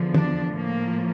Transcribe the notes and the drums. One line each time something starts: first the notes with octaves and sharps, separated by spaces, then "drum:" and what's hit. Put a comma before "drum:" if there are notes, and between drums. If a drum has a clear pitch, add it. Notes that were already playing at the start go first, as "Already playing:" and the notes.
Already playing: E2 D3 F3
D4, drum: tom
A2 F3 A#3